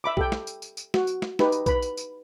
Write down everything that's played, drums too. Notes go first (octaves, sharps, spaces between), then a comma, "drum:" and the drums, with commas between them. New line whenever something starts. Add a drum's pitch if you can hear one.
E5 B5 D6
G4 A4 G5, drum: kick B1
drum: snare
drum: tambourine
drum: tambourine
drum: tambourine
F#4, drum: snare
drum: tambourine
drum: snare
D#4 G4 B4, drum: snare
drum: tambourine
B4 B5, drum: kick B1, tambourine
drum: tambourine
drum: tambourine